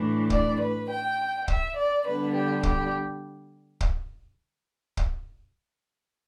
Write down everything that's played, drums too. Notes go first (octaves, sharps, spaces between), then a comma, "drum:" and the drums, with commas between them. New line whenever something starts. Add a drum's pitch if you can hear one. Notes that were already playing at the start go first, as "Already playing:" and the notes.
Already playing: A2 E3 A3 D4
D5, drum: kick
B4
G5
E5, drum: kick
D5
D3 G3 B3 D4 B4
G4
G4, drum: kick
drum: kick
drum: kick